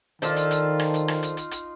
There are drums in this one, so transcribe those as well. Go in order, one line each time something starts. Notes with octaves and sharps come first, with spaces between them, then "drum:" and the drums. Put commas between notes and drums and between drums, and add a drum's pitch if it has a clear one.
D#3 F3 D4 D#4 F4 A4, drum: hi-hat
drum: hi-hat
drum: hi-hat
drum: rim click
drum: hi-hat
drum: rim click
drum: hi-hat
drum: hi-hat
drum: hi-hat